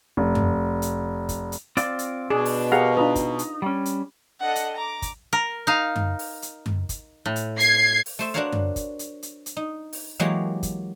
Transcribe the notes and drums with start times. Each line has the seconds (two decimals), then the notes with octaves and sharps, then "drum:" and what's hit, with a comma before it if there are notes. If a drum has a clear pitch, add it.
0.17 F1
0.35 drum: tom F#2
0.82 drum: hi-hat
1.29 drum: kick, hi-hat
1.52 drum: hi-hat
1.77 C4 F4 D5, drum: hi-hat
1.99 drum: hi-hat
2.30 B2 D4 G#4
2.45 drum: open hi-hat
2.72 G4 G#4 A#4 F5 F#5
2.97 D4 D#4 F4 B4
3.15 drum: kick, hi-hat
3.39 drum: hi-hat
3.62 G3 C#4
3.85 drum: hi-hat
4.42 D4 A4 D#5 F#5
4.56 drum: hi-hat
4.76 A#5 D6
5.02 drum: kick, hi-hat
5.33 A#4
5.67 D#4 F5
5.96 drum: tom F#2
6.19 drum: open hi-hat
6.42 drum: hi-hat
6.66 drum: tom F#2
6.89 drum: kick, hi-hat
7.26 A2
7.36 drum: hi-hat
7.60 G#6 C7, drum: hi-hat
8.06 drum: open hi-hat
8.19 A3 C5 E5
8.34 D4 F#4 A#4 C5 C#5 F5
8.52 drum: tom F#2
8.76 drum: kick, hi-hat
8.99 drum: hi-hat
9.23 drum: hi-hat
9.46 drum: hi-hat
9.57 D#4
9.93 drum: open hi-hat
10.19 E3 F#3 G#3 A#3 G4 C#5
10.63 drum: kick, hi-hat